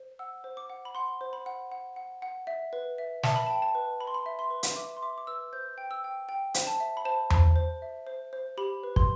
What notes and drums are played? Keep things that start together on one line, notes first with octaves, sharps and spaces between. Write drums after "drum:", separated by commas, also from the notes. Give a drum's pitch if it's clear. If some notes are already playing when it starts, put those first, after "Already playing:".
Already playing: C5
F#5 E6
C5
D6
F#5
B5
F#5 C6
C5
B5
F#5
F#5
F#5
F#5
E5
B4
E5
E5 A5, drum: snare
B5
G5 A5
A5
B4
B4 B5
C6
B5
E5
C6
B4
drum: hi-hat
E5 D6
C6
E5 D6
D6
B4 E6
C5 G6
G5
E6
G5
G5
C5, drum: hi-hat
A5
E5
B5
C5 A5
C5, drum: tom E2
C5
E5
C5
C5
G4 B5
B4
C6, drum: kick